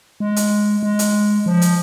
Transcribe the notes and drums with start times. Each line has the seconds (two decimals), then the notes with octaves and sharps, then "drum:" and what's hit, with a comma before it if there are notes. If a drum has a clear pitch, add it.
0.20 G#3
0.36 drum: hi-hat
0.83 G#3
0.99 drum: hi-hat
1.46 F3
1.62 drum: hi-hat